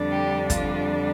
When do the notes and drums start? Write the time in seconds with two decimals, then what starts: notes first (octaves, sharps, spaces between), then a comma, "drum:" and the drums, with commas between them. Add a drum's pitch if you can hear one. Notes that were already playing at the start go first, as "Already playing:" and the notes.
Already playing: F2 D3 G3 D4
0.11 G4
0.50 F4, drum: kick, hi-hat